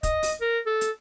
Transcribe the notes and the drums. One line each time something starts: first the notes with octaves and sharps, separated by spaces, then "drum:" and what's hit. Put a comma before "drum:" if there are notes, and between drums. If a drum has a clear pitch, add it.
D#5, drum: kick, hi-hat
drum: open hi-hat
A#4
A4
drum: hi-hat